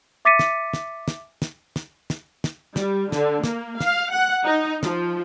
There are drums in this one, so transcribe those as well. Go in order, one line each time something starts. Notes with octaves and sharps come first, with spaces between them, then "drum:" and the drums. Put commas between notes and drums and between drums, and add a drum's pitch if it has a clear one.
E5 D6 A6 B6 C#7 D#7
drum: snare
drum: snare
drum: snare
drum: snare
drum: snare
drum: snare
drum: snare
G3, drum: snare
D3, drum: snare
A#3, drum: snare
F5, drum: snare
F#5
D#4
F3, drum: snare